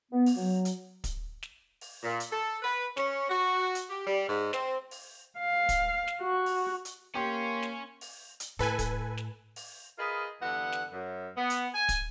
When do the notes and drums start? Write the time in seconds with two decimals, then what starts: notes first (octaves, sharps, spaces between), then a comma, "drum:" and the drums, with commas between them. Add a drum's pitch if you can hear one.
0.12 B3
0.26 drum: open hi-hat
0.37 F#3
0.65 drum: hi-hat
1.04 drum: kick, hi-hat
1.43 drum: snare
1.81 drum: open hi-hat
2.03 A#2
2.20 drum: hi-hat
2.32 A4
2.62 B4
2.97 C#4, drum: snare
3.29 F#4
3.75 drum: hi-hat
3.90 G4
4.07 G3
4.28 G#2
4.53 C4, drum: snare
4.91 drum: open hi-hat
5.39 F5
5.69 drum: kick, hi-hat
6.07 drum: snare
6.22 F#4
6.46 drum: open hi-hat
6.85 drum: hi-hat
7.15 A#3 C#4 G4 C#5 C6
7.62 drum: snare
8.01 drum: open hi-hat
8.40 drum: hi-hat
8.59 A2 A4 B4 G#5
8.79 drum: kick, hi-hat
9.17 drum: snare
9.56 drum: open hi-hat
9.98 F4 G#4 A#4 B4 D#5
10.42 G2 D3 E3 B3 F#5
10.72 drum: snare
10.92 F#2
11.37 B3
11.50 drum: hi-hat
11.74 G#5
11.89 drum: kick, hi-hat